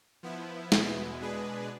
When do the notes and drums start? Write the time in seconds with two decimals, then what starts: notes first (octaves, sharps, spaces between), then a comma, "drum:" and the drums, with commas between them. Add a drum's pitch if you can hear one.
0.23 F3 B3 E4
0.72 E2 B2 G#3 B3 E4, drum: snare
1.20 B2 G#3 D4 G#4 B4